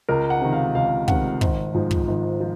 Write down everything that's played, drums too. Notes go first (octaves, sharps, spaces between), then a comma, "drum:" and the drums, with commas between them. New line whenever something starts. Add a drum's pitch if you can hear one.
C#2 A#4
F#5
C3 D#3
F5
C#2 F5
C3 D#3 F#5, drum: kick
G#1, drum: kick
G#2 F3
drum: kick
G#1
F3